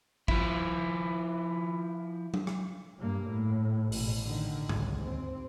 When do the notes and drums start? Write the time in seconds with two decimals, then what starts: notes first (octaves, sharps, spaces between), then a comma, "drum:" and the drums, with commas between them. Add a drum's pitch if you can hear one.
0.28 F3 E4, drum: kick
2.34 drum: tom F#3
2.47 drum: rim click
2.98 G2 A#3
3.29 A2
3.92 A1 B2, drum: open hi-hat
4.24 D3 D#3
4.69 G#1 C#2, drum: tom G#2
5.03 D#2 C4